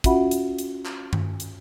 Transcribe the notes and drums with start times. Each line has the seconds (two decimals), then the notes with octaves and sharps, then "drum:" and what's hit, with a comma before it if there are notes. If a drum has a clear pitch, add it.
0.04 C#4 F4 F#4 E5 F#5 B5, drum: kick, hi-hat
0.31 drum: hi-hat
0.58 drum: hi-hat
0.86 drum: clap
1.13 drum: tom G2
1.40 drum: hi-hat